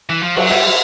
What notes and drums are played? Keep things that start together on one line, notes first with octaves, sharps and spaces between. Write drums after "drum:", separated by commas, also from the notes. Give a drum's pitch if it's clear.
E3
F3
F#3, drum: cymbal
G3 E5 F#5